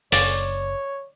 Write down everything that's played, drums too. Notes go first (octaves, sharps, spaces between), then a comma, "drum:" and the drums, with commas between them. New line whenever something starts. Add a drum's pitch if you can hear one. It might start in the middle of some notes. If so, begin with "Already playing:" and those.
F#1 C#5 D5, drum: open hi-hat